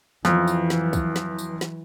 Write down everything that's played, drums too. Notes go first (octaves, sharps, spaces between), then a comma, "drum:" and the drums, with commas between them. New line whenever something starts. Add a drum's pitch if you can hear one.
F2 E3 F#3, drum: snare
drum: tambourine
drum: snare
drum: kick, tambourine
drum: snare
drum: tambourine
drum: snare